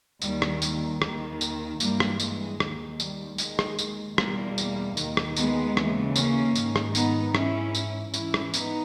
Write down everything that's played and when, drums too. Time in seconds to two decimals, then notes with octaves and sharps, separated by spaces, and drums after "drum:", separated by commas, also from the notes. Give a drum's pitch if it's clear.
0.22 D#2 D#3 G3, drum: tambourine
0.42 drum: rim click
0.62 drum: tambourine
1.02 D#2 D#3, drum: rim click
1.41 drum: tambourine
1.80 G2 E3 G3 A#3, drum: tambourine
2.00 drum: rim click
2.20 G#3, drum: tambourine
2.60 D#2 D#3, drum: rim click
3.00 G3, drum: tambourine
3.38 D#2 D#3 G#3, drum: tambourine
3.59 drum: rim click
3.79 drum: tambourine
4.18 E2 B2 G3 A#3, drum: rim click
4.58 drum: tambourine
4.97 D#2 D#3, drum: tambourine
5.17 drum: rim click
5.36 G#3 B3, drum: tambourine
5.77 D#2 C#3 E3, drum: rim click
6.16 A#3 C#4, drum: tambourine
6.55 G#2 D#3, drum: tambourine
6.76 drum: rim click
6.95 B3 D#4, drum: tambourine
7.35 G#2 E3 C#4 E4, drum: rim click
7.75 drum: tambourine
8.14 G#2 E3 C#4 E4, drum: tambourine
8.34 drum: rim click
8.54 B3 D#4, drum: tambourine